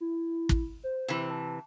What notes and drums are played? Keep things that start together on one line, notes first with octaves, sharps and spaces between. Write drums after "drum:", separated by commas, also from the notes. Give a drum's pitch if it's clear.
E4
drum: kick
C5
C3 E3
A5